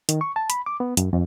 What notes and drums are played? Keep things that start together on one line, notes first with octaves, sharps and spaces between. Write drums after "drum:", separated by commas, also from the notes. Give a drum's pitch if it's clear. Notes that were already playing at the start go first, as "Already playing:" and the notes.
D#3, drum: hi-hat
C#6
A5
B5, drum: hi-hat
D6
B3
F#2, drum: hi-hat
F2